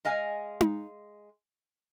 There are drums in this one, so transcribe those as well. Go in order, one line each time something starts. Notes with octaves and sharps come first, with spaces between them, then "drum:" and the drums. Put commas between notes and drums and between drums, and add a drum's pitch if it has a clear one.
G#3 D#5 F5 G#5
drum: tom D#4